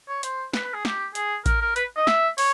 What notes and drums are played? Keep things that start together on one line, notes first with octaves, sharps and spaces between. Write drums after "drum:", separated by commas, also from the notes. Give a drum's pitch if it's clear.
C#5
C5, drum: hi-hat
B4, drum: snare
B4
G#4
G4, drum: snare
G#4, drum: hi-hat
A#4, drum: kick A1, hi-hat
A#4
B4, drum: hi-hat
D#5
E5, drum: snare
C#5, drum: open hi-hat